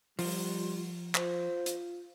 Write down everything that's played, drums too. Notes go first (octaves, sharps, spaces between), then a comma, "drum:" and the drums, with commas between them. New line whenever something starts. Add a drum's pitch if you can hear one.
F3 G3 F4, drum: open hi-hat
F4 C5, drum: clap
drum: hi-hat